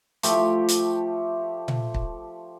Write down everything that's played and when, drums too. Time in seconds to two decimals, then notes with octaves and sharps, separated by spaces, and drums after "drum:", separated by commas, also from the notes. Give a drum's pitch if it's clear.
0.23 F3 A3 G4, drum: hi-hat
0.68 drum: hi-hat
1.68 drum: tom A#2
1.94 drum: kick